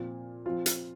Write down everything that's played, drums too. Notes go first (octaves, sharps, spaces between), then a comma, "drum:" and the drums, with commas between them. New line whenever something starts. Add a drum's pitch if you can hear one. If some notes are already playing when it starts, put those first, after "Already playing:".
Already playing: A#2 F3 C4 F4
F3 C4 F4
drum: hi-hat